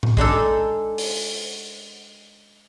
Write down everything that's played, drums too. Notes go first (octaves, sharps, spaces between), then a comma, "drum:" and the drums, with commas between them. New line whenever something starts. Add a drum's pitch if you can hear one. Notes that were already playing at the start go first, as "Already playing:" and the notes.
drum: tom A2
G#3 D4 D#4 A4, drum: kick
drum: open hi-hat